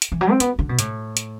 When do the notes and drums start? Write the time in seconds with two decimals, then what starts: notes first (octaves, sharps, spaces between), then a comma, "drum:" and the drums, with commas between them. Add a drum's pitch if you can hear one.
0.02 drum: hi-hat
0.12 E3
0.21 F#3
0.31 C4
0.40 B3, drum: hi-hat
0.59 D3
0.69 B2
0.79 A2, drum: hi-hat
1.17 drum: hi-hat